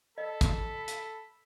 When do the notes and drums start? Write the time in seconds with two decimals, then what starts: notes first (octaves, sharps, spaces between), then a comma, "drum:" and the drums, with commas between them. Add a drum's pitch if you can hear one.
0.18 A4 D#5 B5
0.41 drum: kick, hi-hat
0.88 drum: hi-hat